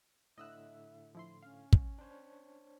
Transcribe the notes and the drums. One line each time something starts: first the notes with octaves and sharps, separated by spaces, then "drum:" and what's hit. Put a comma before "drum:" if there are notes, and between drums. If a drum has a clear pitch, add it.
A2 D3 D#5 E5 E6 F#6
F3 E4 C6
C#4 F5
drum: kick
D4 C5 C#5